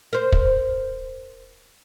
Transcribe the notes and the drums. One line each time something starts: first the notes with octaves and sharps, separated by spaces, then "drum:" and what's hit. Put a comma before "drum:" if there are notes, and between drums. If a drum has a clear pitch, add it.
A#4 C5
drum: kick